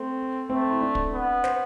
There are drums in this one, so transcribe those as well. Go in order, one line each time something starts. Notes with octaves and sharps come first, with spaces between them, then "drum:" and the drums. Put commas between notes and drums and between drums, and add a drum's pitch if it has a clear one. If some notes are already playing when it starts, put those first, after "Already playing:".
Already playing: A3 C4
A3 C4
E4
D4
drum: kick
B3
C5, drum: snare